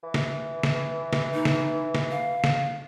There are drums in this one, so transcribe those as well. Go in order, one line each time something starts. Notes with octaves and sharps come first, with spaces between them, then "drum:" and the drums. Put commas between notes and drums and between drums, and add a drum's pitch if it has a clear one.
E3
drum: snare
drum: snare
drum: snare
D#4
drum: snare
drum: snare
F5
drum: snare